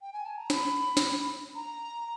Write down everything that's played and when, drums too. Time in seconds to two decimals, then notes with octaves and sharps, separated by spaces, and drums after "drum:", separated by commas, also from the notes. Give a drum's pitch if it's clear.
0.01 G5
0.13 G#5
0.25 A5
0.37 A#5
0.50 B5, drum: snare
0.97 drum: snare
1.55 A#5